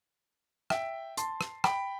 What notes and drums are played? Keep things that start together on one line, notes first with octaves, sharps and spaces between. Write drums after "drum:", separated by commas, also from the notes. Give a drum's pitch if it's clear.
E5 G5, drum: rim click
A5 C6, drum: hi-hat
drum: rim click
G5 B5, drum: rim click